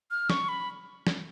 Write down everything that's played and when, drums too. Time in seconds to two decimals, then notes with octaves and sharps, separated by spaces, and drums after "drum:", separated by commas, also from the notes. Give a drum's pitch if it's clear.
0.11 F6
0.30 C#6, drum: snare
0.49 B5
1.07 drum: snare